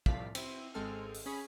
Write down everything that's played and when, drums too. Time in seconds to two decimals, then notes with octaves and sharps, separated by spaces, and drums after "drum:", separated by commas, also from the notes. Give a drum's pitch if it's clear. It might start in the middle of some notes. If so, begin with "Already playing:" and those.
0.06 C2 A2 F3 D5 F5 B6, drum: kick
0.35 C4 E4, drum: cymbal
0.74 G#1 G#3 C4 A4 F6
1.14 drum: open hi-hat
1.26 C#4 G#4 B5